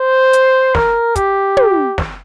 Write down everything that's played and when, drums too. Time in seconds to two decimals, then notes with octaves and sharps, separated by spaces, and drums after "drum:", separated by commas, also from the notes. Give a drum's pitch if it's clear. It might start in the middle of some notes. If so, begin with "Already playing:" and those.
Already playing: C5
0.33 drum: hi-hat
0.75 A#4, drum: snare
1.16 G4, drum: kick, hi-hat
1.57 drum: tom
1.98 drum: snare